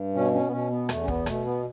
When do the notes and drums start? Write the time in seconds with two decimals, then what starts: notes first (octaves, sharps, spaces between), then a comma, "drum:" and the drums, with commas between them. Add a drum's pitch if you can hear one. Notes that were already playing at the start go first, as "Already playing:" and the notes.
Already playing: G2
0.14 B2 C#4
0.33 C#4
0.47 B3
0.52 B2 C#4
0.70 B3
0.89 E2 A3, drum: rim click
1.03 C#4
1.08 B3, drum: kick
1.26 B2 A3, drum: rim click
1.45 B3